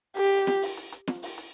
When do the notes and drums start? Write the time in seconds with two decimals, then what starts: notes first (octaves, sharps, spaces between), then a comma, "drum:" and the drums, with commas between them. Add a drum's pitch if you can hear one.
0.17 G4, drum: hi-hat
0.47 drum: snare
0.62 drum: open hi-hat
0.77 drum: hi-hat
0.92 drum: hi-hat
1.07 drum: snare
1.23 drum: open hi-hat
1.38 drum: hi-hat